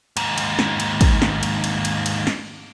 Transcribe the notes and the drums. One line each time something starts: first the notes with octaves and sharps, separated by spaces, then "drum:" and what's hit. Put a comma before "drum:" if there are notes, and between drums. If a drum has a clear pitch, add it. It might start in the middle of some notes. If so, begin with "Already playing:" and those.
D#2 G#2, drum: cymbal
drum: cymbal
drum: snare
drum: cymbal
drum: kick, cymbal
drum: snare
drum: cymbal
drum: cymbal
drum: cymbal
drum: cymbal
drum: snare